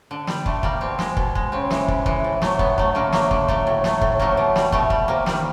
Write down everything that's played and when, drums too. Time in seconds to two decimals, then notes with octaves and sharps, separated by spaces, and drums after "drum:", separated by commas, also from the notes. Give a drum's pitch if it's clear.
0.11 D3
0.27 G3, drum: snare
0.46 D3 A3, drum: kick
0.63 G3 A#3, drum: kick
0.81 B2 C4
0.99 G#3, drum: snare
1.17 B2, drum: kick
1.35 G#3, drum: kick
1.52 C#3 C4
1.70 E3 G#3, drum: snare
1.88 C#3, drum: kick
2.06 E3 G#3, drum: kick
2.24 A2
2.42 F#3 A3, drum: snare
2.59 A2 B3, drum: kick
2.78 F#3 A3, drum: kick
2.95 D3 A#3
3.12 F#3 A3 A#3, drum: snare
3.31 D3, drum: kick
3.48 F#3 A3, drum: kick
3.67 A2
3.84 F#3 A3, drum: snare
4.01 A2, drum: kick
4.19 F#3 A3 A#3, drum: kick
4.37 B2
4.56 G3, drum: snare
4.72 B2 A3, drum: kick
4.90 G3, drum: kick
5.08 C3 A#3
5.26 D#3 G3, drum: snare